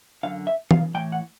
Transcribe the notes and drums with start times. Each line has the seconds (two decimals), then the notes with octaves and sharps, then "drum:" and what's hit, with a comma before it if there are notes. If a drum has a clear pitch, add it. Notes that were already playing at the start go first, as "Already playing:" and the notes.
0.23 F#2 D3 F5
0.47 E5
0.71 F5, drum: tom E3
0.94 A2 E3 G5
1.12 F#5